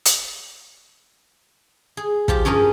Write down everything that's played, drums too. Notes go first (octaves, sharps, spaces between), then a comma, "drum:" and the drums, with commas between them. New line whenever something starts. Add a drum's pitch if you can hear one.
drum: hi-hat
G#4
F3 F4 G4, drum: kick
G2 C#4 G#4 A#4 G#5